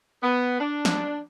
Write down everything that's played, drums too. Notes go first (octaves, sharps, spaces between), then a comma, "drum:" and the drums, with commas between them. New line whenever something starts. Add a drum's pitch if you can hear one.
B3
D4
drum: snare